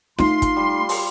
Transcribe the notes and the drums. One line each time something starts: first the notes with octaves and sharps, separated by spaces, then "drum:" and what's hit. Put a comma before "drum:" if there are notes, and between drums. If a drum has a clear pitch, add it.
A3 D#4 F4 C6, drum: snare
drum: kick, hi-hat
G3
drum: open hi-hat